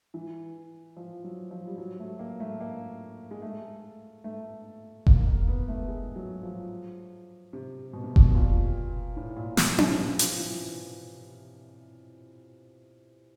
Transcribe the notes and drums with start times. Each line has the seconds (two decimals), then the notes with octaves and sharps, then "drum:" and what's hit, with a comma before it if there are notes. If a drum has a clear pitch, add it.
0.14 E3
0.97 F3
1.24 F#3
1.51 F3
1.67 G3
1.78 F#3
1.99 A3
2.19 A#3
2.40 A3
2.61 A#3
3.31 G#3
3.42 A3
4.24 A3
5.07 A#3, drum: kick F1
5.26 A#3
5.48 B3
5.68 A3
5.88 G#3
6.16 F#3
6.43 F3
7.53 C3
7.93 B2
8.04 C3
8.16 B2, drum: kick F1
8.35 A#2
9.16 A2
9.37 A#2
9.57 B2, drum: snare
9.78 C3, drum: tom C#4
9.99 C3
10.19 F3, drum: hi-hat
10.39 E3